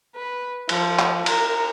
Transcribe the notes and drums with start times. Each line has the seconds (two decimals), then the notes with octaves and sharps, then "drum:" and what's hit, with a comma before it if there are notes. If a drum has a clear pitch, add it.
0.16 B4
0.69 F3, drum: cymbal
0.99 drum: clap
1.26 A#4, drum: cymbal